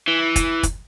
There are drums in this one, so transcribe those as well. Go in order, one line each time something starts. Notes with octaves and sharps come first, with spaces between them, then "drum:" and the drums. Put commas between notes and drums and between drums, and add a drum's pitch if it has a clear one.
E3
drum: kick, hi-hat
drum: kick, hi-hat